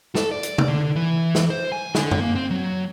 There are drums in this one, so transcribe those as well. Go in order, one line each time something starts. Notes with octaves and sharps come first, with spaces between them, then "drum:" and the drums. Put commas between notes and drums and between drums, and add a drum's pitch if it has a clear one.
A4, drum: snare
D5
drum: hi-hat
drum: tom C3
D3
E3
drum: snare
C5
G#5
D3, drum: snare
drum: tom F#2
A#3
C4
F#3